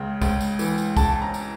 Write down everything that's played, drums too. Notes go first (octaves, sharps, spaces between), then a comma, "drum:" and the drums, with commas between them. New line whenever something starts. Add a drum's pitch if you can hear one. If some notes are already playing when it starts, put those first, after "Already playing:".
Already playing: C#2 C#3
C#2, drum: kick, tambourine
drum: tambourine
E3, drum: tambourine
drum: tambourine
C#3 A5, drum: kick, tambourine
A#5
drum: tambourine